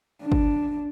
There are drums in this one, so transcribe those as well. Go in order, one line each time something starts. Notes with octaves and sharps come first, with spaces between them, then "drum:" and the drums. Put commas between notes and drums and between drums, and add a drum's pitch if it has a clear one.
D4
drum: kick